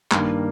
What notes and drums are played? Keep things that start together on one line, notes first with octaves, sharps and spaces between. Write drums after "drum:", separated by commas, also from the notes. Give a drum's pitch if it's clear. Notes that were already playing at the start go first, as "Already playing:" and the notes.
G2 D#3 A#3, drum: clap